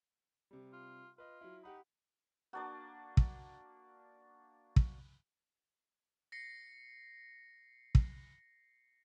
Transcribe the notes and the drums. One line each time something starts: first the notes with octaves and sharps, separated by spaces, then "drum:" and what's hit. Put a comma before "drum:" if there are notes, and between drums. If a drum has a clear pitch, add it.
C3 G3
F4
F4 B4 D#5
F#3 E4
D#4 G4 F#5 B5
A#3 D4 F#4 D5
drum: kick
drum: kick
A#6 C7 C#7
drum: kick